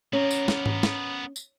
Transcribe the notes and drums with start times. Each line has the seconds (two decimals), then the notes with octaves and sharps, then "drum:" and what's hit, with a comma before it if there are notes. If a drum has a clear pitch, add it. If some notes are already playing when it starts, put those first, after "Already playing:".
0.13 B3 C#4 A#4
0.31 drum: tambourine
0.48 drum: snare
0.66 drum: tom G#2
0.83 drum: snare
1.36 drum: tambourine